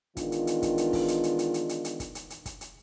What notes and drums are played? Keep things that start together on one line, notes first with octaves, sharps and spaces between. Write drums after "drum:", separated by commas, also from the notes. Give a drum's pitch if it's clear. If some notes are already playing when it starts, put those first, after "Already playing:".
D#3 E3 G#3 B3 D4 F4, drum: kick, hi-hat
drum: hi-hat
drum: hi-hat
drum: kick, hi-hat
drum: hi-hat
drum: kick, open hi-hat
drum: hi-hat
drum: hi-hat
drum: hi-hat
drum: hi-hat
drum: hi-hat
drum: hi-hat
drum: kick, hi-hat
drum: hi-hat
drum: hi-hat
drum: kick, hi-hat
drum: hi-hat